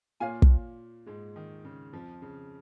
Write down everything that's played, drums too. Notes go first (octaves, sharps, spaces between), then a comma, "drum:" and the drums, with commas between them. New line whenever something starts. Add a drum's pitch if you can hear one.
A#2 A#3 F4 C#5 F5 G#5
drum: kick
G#2 G#3
D#3
C#3
F2 F3
C#3